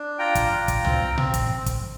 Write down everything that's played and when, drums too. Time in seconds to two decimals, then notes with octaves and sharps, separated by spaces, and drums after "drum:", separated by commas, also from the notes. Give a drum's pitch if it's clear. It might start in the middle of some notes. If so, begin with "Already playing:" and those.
Already playing: D4
0.19 F4 G5 A#5
0.35 drum: kick, hi-hat
0.52 F4
0.68 drum: kick, hi-hat
0.85 C4, drum: tom C2
1.18 C4, drum: tom A#2
1.34 drum: kick, hi-hat
1.66 drum: kick, hi-hat